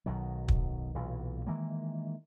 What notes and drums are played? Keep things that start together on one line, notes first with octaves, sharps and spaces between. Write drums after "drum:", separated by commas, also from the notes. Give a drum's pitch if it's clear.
B1 B2 D#3 F#3
drum: kick
B1 A#2 E3
D#3 E3 G#3 A#3